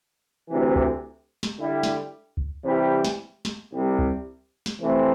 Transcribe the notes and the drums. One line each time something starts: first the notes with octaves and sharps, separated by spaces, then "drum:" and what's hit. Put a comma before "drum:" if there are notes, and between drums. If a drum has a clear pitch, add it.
D2 C3 E3
drum: kick C#2
drum: snare
D3 G3 E4
drum: snare
drum: kick C#2
C3 E3 G3 E4 G4
drum: snare
drum: snare
C2 C3 G3
drum: kick C#2
drum: snare
C3 E3 A3 C4